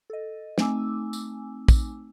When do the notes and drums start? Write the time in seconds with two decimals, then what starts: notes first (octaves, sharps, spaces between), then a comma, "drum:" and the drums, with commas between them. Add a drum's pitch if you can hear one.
0.10 A4 D#5
0.58 A3 C4 D#4 G#5 D6 E6, drum: snare
1.13 drum: tambourine
1.68 drum: kick, tambourine